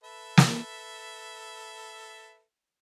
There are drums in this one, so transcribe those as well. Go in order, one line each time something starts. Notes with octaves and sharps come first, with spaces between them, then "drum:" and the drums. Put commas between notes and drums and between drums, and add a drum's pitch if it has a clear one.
A4 B4 E5
drum: snare